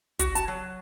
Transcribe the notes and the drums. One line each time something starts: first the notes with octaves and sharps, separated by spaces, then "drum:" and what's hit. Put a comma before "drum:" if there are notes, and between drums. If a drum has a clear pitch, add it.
F#4, drum: kick, hi-hat
A5, drum: hi-hat
F#3